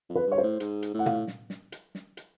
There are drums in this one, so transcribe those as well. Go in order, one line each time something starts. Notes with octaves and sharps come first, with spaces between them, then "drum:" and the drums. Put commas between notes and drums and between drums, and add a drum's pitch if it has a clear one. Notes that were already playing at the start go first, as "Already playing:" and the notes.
F2
B4
G2
C#5
C5
A2
G#2, drum: hi-hat
drum: hi-hat
A2
F#5
F5, drum: tom
drum: snare
drum: snare
drum: hi-hat
drum: snare
drum: hi-hat